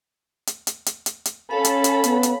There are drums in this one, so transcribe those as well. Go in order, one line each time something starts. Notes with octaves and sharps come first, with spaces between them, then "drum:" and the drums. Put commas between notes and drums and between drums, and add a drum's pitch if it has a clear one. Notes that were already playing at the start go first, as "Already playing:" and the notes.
drum: hi-hat
drum: hi-hat
drum: hi-hat
drum: hi-hat
drum: hi-hat
C#4 A4 C#5 F5 B5
drum: hi-hat
drum: hi-hat
B3, drum: hi-hat
drum: hi-hat